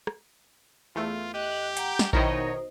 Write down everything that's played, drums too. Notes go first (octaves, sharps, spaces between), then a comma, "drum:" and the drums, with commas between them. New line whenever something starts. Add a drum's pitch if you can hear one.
drum: rim click
E2 A3 F4
G4 D#5 F#6
F#5 G5 A#5 G6, drum: hi-hat
drum: snare
B2 D#3 D#4 E4 A#4 C5 C#5 D#5, drum: kick A#1